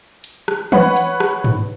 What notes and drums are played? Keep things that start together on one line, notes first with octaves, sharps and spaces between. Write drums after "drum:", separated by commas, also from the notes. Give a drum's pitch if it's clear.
drum: hi-hat
drum: rim click
B4 C#5 F#5, drum: tom E3
drum: hi-hat
drum: rim click
drum: tom G2